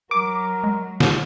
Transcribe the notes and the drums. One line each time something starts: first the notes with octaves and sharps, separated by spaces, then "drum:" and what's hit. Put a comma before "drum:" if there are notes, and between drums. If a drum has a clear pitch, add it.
F#3 A#4 D6
G#3
drum: snare